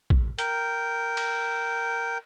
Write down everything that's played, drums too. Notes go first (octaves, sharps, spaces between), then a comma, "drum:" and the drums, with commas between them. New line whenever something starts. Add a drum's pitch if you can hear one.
drum: kick
A#4 G5, drum: hi-hat
drum: cymbal